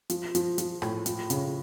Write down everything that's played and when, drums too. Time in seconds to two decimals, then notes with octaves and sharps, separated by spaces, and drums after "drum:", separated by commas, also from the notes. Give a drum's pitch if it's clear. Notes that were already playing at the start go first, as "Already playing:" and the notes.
0.10 F3, drum: hi-hat
0.35 F3, drum: hi-hat
0.58 F3, drum: hi-hat
0.82 A2, drum: rim click
1.06 F3, drum: hi-hat
1.30 C#3, drum: hi-hat